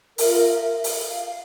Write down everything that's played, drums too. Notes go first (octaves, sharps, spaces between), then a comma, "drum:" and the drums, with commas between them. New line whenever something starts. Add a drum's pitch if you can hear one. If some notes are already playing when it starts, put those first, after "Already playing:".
F4 A#4 E5, drum: open hi-hat
drum: open hi-hat
F5